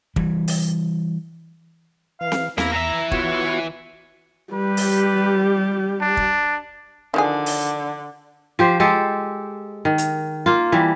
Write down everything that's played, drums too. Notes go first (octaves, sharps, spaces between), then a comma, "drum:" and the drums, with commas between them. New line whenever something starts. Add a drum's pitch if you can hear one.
E3 G3, drum: kick
drum: open hi-hat
E3 F5
drum: snare C4
E2 A#3 E4 A#6, drum: snare C4
E3 E5 A#5
B3 F4 F#4 C#5, drum: kick
G3 G4 B4
drum: open hi-hat
D4
drum: kick
D3 D#3 F3 G#4
drum: open hi-hat
F3 G4 C5
G#3 G4 A4
D#3
drum: hi-hat
A#3 F4
E3 G3